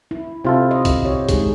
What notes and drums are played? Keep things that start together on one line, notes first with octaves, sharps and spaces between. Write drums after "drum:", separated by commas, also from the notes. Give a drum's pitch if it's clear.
E4
C3 E4 F4 A4
D#5
drum: kick B1, hi-hat
G4 C#5
G#3 D#4 G#4, drum: kick B1, hi-hat